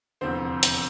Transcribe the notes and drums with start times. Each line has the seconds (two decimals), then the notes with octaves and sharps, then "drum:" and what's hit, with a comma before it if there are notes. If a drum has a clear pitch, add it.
0.21 F1 E2 D3 C4 C5
0.63 drum: hi-hat